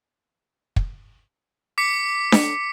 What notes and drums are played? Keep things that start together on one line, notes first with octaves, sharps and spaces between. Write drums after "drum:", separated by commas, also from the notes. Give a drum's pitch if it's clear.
drum: kick
D6 B6 C#7
drum: snare D4